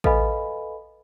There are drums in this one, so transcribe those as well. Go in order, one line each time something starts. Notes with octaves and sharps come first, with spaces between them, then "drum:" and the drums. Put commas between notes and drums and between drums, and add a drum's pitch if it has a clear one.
A4 B4 D#5 F5 G#5 B5, drum: kick A1